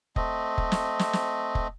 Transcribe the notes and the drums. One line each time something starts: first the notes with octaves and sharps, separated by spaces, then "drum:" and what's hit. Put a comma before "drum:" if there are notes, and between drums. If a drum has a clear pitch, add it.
A3 C4 D#5, drum: kick
drum: kick
drum: snare
drum: snare
drum: snare
drum: kick